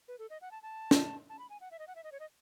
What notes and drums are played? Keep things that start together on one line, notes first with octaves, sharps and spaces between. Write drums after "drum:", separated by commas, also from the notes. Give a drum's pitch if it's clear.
B4
A4
D#5
F#5
A5
A5
drum: snare
A5
B5
G#5
F#5
E5
D#5
F#5
E5
D#5
C#5
D#5